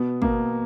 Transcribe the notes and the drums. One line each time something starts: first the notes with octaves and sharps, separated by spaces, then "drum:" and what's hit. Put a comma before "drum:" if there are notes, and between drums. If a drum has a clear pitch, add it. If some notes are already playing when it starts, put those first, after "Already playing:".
Already playing: B2 B3
B2 A#3, drum: kick